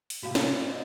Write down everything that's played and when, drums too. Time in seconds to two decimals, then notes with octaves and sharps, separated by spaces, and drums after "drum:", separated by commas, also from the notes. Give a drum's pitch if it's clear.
0.10 drum: open hi-hat
0.23 A2 C3 F#4 F5
0.35 drum: snare
0.54 C#5 D5
0.69 C5 D#5